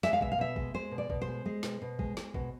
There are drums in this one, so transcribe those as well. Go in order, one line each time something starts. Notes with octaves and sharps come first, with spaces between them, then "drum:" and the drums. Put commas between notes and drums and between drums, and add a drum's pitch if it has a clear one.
G#3 E5, drum: snare
F5
B2 E5, drum: kick
F5
B2 E5
G#3, drum: kick
G#3 C5
B2
D5
B2, drum: kick
C5
G#3
G#3
B2, drum: snare
B2
G#3, drum: kick
G#3, drum: snare
B2, drum: kick